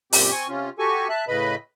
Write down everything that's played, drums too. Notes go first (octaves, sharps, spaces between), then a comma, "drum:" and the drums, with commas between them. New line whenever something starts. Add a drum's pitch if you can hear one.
F#2 A#2 C4 G4, drum: open hi-hat
C4 G#5 C#6
C3 C#4 F4
F#4 G4 A4 G#5 C#6
E5 A5 F#6
A2 C#3 B4 D#5 B5